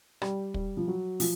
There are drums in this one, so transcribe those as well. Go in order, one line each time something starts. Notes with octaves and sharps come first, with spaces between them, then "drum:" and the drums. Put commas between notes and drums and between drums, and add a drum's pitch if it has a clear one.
G3, drum: rim click
G3, drum: kick
F3
F#3
F3, drum: open hi-hat